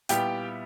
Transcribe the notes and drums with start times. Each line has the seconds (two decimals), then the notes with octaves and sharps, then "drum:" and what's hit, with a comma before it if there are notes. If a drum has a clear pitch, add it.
0.09 A#2 G3 B3 E4 G4 G5, drum: hi-hat